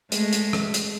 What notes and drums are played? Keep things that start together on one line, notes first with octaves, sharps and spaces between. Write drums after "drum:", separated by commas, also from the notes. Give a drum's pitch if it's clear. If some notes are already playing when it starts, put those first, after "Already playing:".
G#3 A3, drum: hi-hat
drum: hi-hat
drum: rim click
drum: hi-hat